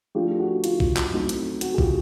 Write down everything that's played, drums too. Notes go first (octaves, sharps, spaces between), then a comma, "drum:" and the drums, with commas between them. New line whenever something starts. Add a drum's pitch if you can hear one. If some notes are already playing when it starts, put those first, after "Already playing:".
F3 A3 D4 F4 G4
F#4
F4, drum: hi-hat
drum: kick
drum: clap
F#3 A3 C4 D#4
drum: hi-hat
F#4, drum: hi-hat
G#4
F4 G4, drum: kick